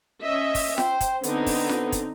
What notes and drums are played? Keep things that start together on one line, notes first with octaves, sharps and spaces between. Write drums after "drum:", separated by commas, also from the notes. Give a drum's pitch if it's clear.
C#4 D#5 E5
drum: kick, open hi-hat
C5 G5, drum: snare F4
drum: kick, hi-hat
D3 B3 C4 D#4, drum: hi-hat
drum: kick, open hi-hat
drum: snare F4
drum: kick, hi-hat